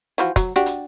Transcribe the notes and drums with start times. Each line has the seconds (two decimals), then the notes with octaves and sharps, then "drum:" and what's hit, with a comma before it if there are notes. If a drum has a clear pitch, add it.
0.18 E3 F3 F#4
0.36 F#3, drum: kick, hi-hat
0.56 D4 F#4 G4
0.66 drum: hi-hat